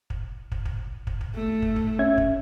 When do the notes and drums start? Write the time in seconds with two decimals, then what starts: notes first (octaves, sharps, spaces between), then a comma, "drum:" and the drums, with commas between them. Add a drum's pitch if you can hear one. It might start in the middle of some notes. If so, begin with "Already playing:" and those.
0.10 drum: kick
0.52 drum: kick
0.65 drum: kick
1.07 drum: kick
1.21 drum: kick
1.35 A3
1.62 drum: kick
1.76 drum: kick
1.99 C#4 E5 G#6
2.18 drum: kick